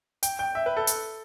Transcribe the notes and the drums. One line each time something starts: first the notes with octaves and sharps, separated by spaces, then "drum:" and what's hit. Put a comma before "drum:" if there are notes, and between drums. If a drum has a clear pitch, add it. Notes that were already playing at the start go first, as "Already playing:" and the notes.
G5, drum: hi-hat
G5
E5
B4
A4
drum: hi-hat